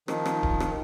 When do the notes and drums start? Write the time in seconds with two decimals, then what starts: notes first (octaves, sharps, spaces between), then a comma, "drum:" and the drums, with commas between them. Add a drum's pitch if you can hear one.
0.08 D#3 F3, drum: rim click
0.26 drum: rim click
0.43 drum: kick D1
0.60 drum: rim click